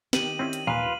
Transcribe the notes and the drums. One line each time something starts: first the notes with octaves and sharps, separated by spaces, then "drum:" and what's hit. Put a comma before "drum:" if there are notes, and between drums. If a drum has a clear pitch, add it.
D#3 G4 D#7 F#7, drum: snare
C4 C#4 E4
drum: hi-hat
D#2 A#2 F4 B4